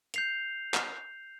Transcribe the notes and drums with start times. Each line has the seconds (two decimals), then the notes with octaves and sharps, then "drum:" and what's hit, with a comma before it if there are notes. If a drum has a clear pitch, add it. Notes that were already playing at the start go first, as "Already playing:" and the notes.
0.14 G6 C7 F7, drum: hi-hat
0.74 drum: clap